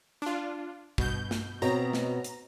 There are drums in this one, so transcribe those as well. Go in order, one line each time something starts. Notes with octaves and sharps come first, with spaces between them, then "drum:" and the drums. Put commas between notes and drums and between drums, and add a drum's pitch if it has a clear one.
D4 F4
G2 B2 G6, drum: kick
drum: snare
B2 C4 F#4 C#5 D#5 A#5
drum: snare
drum: hi-hat